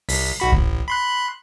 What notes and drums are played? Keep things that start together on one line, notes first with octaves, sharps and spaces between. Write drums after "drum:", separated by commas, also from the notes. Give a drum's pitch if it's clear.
C2 B6, drum: open hi-hat
B1 F#4 B5
A1, drum: kick C#2
B5 C6 F#6